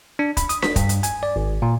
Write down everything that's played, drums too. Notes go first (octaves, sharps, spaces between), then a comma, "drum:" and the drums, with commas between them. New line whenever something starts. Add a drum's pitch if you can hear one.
D4
B5, drum: kick, hi-hat
D#6, drum: hi-hat
B6, drum: snare D4
G2, drum: kick, hi-hat
drum: hi-hat
G#5, drum: hi-hat
D5
G#1
A#2